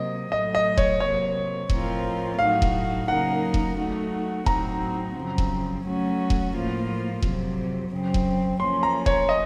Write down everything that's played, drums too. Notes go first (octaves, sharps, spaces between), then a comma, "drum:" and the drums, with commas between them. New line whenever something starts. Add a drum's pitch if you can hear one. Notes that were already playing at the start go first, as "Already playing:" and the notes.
Already playing: C3 F#3 A#3 D#5
A2 F#3 A3 D#5
D#5
C#5, drum: kick E1
C3 F#3 A#3 C#5
A2 F3 C4 F4 A#4, drum: kick E1
A2 F#3 A3 D#4 F#4 F5
drum: kick E1
C#3 F#3 A#3 D#4 A#4 F#5
drum: kick E1
F#3 A3 D#4 F#4
A2 F#3 C4 D#4 F#4 A#5, drum: kick E1
F#2 C#3 F3 C4
drum: kick E1
F#3 A3 C#4 F#4
drum: kick E1
A2 F3 A#3 F4
F2 C3 F#3, drum: kick E1
F#2 C#3 F#3 C4
drum: kick E1
F3 A#3 C#4 C6
A#5
C#5, drum: kick E1
D#5